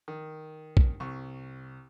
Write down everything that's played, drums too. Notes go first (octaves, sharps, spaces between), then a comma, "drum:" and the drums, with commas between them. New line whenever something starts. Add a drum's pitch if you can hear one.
D#3
drum: kick A#1
C2 C#6